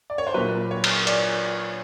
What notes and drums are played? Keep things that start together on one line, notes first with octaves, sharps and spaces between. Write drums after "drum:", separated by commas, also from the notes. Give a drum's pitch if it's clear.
D5
C#5
C5
A#2 F#3 B4
C#5
drum: cymbal
D5, drum: hi-hat